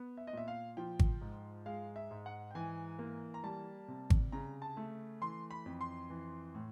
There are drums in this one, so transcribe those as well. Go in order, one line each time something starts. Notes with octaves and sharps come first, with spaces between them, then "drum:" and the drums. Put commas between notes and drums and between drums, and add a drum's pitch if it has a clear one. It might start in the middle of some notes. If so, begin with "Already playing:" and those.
Already playing: B3
E5
D#5
A#2 E5
F5
F3 G5
drum: kick G#1
G#2
G#3 F5
E5
G#2
F#5
G5
E3 G#5
A#3
A#5
G3 A5
C3
drum: kick G#1
C#3 A#5
A5
A3
E3 C6
B5
F2
C6
E3
A2